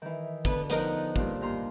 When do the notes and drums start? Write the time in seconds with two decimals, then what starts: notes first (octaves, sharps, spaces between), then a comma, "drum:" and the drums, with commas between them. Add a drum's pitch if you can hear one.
0.02 D#3 E3
0.45 D3 B3 B4, drum: kick
0.70 F3 B3 D#4 A#4, drum: hi-hat
1.16 G2 A#2 F4, drum: kick
1.41 D#2 A#5 C6